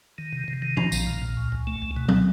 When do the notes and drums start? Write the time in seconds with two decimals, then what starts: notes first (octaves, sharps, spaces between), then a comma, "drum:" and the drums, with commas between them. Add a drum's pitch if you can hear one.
0.18 D#3
0.32 C3
0.48 C3
0.62 D#3
0.77 F3, drum: tom
0.92 A#1, drum: tambourine
1.07 A#2
1.22 A#2
1.37 C#2
1.52 C#2
1.67 A3
1.82 C#2
1.96 B2
2.08 drum: tom F#3